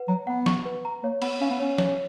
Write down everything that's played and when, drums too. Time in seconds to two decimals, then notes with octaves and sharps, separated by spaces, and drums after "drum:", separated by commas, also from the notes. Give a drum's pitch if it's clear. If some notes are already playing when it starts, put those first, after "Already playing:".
Already playing: B4 F#5
0.08 F#3 A#5
0.27 B3 F#5
0.46 C#6, drum: snare
0.65 B4
0.85 A#5
1.03 A#3 C#5
1.22 B3 B5, drum: cymbal
1.41 C#4 F5
1.50 B3
1.60 C#4 C#5
1.78 C#5, drum: snare